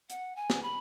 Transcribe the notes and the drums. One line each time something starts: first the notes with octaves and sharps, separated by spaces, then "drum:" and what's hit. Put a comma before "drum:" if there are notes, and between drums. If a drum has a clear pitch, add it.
F#5, drum: hi-hat
G#5
drum: snare
B5